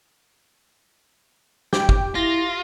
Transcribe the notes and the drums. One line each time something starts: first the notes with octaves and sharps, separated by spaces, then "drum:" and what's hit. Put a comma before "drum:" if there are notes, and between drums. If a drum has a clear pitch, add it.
G4 G5 D6, drum: snare
drum: kick
E4 F4 A#6